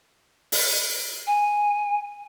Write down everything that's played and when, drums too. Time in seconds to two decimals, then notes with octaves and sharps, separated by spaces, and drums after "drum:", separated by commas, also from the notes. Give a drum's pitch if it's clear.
0.52 drum: open hi-hat
1.27 G#5